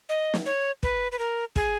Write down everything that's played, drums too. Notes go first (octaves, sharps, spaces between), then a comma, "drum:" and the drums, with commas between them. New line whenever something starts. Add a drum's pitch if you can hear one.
D#5
drum: snare
C#5
B4, drum: kick
B4
A#4
G#4, drum: kick